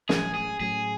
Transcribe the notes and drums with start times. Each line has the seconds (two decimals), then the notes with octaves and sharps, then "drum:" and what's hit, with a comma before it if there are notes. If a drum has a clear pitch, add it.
0.09 A2 F#3 A3 C#4 G#4, drum: snare
0.34 G#4
0.60 A2 F#3 A3 C#4 G#4